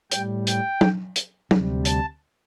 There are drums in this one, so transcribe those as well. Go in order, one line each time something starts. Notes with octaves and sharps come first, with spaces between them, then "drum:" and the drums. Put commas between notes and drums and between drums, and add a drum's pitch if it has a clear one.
A2 G3 G5, drum: hi-hat
G5, drum: hi-hat
drum: tom
drum: hi-hat
D2 C3 G3, drum: tom
A5, drum: hi-hat